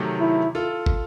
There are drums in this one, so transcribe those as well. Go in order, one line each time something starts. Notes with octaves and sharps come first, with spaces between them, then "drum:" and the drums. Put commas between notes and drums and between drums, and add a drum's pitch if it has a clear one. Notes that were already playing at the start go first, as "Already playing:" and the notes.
Already playing: C3 D#3 F#3 A3
E4
F4 A4
drum: kick